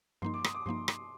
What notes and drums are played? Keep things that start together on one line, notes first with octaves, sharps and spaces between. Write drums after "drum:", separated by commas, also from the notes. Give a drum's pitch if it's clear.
G2 F3 A#3 D#4 C6
D6
D#6, drum: rim click
D6
G2 F3 A#3 D#4 C6
drum: rim click